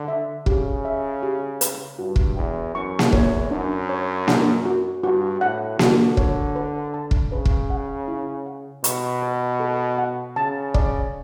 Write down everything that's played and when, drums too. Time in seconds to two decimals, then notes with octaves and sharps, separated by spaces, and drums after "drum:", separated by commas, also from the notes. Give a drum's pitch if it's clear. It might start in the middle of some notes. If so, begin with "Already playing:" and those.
Already playing: D3
0.08 E5
0.46 C#3 G4, drum: kick
0.85 E5
1.23 G4
1.61 B4, drum: hi-hat
1.99 G2 F#4
2.16 drum: kick
2.37 E2 G5
2.75 F#2 C#6
2.99 drum: snare A#3
3.12 E2 C#5, drum: kick
3.51 F#2 D4
3.89 C#5
4.28 D4, drum: snare A#3
4.65 F#4
5.03 G2 F#4
5.41 A2 F#5
5.79 D3 F#4, drum: snare A#3
6.17 C#5, drum: kick
6.56 B4
6.94 A5
7.11 drum: kick
7.32 C#3 B4
7.45 drum: kick
7.70 F#5
8.08 E4
8.46 F#5
8.84 B2 C#6, drum: hi-hat
9.22 B4
9.60 A4
9.98 F#5
10.36 C#3 A5
10.74 D5, drum: kick